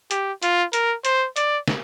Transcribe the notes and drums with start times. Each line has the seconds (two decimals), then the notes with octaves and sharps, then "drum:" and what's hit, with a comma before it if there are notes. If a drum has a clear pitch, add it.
0.11 G4, drum: hi-hat
0.43 F4, drum: hi-hat
0.73 A#4, drum: hi-hat
1.05 C5, drum: hi-hat
1.36 D5, drum: hi-hat
1.68 drum: snare